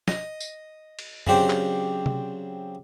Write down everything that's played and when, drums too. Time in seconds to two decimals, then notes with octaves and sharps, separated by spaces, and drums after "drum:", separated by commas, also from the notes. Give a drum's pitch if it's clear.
0.08 D#5, drum: snare
0.40 drum: tambourine
0.99 drum: cymbal
1.27 C#3 F#3 C4 D4 G4 C5, drum: tom F#2
1.50 drum: clap
2.06 drum: tom C3